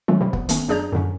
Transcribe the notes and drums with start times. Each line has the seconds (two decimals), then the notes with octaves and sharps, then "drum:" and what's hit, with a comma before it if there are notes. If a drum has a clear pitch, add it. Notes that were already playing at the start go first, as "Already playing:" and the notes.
0.08 D#3 F#3 G#3 A3 C#4 F4
0.21 C3 F3 G3
0.33 B3, drum: kick
0.49 D#3 A3 B3 C#4, drum: hi-hat
0.69 F#2 D4 G#4 D5 A#5 G6
0.92 F#2 A2 D3 C#4